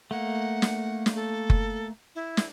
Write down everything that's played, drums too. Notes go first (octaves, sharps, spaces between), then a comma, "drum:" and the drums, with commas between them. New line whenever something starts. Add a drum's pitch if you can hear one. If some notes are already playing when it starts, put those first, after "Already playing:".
A3 A#3 F#5
drum: snare
drum: snare
A4
drum: kick F#1
E4
drum: snare